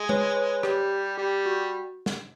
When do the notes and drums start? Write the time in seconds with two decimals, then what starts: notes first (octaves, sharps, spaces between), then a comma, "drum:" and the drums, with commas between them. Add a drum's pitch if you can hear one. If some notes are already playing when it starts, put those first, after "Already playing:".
Already playing: G#3
0.09 B4 C#5, drum: tom G#3
0.36 B4 C#5
0.63 G3 G4, drum: rim click
1.18 G3 G4
1.46 F#4
2.06 drum: snare